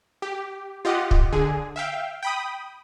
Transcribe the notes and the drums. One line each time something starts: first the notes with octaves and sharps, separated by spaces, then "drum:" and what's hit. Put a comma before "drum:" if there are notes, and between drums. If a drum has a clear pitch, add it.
G4
F4 G4 D#5 F#5
drum: kick
D3 G#4
E5 F5 G5
G5 B5 D#6